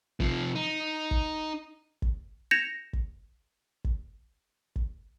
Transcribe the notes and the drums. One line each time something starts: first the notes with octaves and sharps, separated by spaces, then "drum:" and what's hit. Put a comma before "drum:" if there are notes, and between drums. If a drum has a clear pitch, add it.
C3 F3, drum: kick
D#4
drum: kick
drum: kick
G6 G#6 A#6 C#7 E7 F7
drum: kick
drum: kick
drum: kick